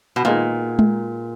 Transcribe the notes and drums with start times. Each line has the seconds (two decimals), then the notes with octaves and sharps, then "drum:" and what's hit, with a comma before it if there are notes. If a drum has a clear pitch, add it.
0.16 B2
0.24 A#2 D#3 G#3 B3 F4
0.79 drum: tom G#3